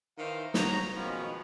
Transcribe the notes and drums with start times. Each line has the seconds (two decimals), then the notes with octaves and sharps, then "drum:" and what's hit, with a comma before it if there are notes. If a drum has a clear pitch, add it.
0.18 D#3 E3 A#4 C5 F5
0.54 D#4 F#4 C#5 A#5, drum: snare
0.96 B2 D#3 F3 G#3 B3 C#4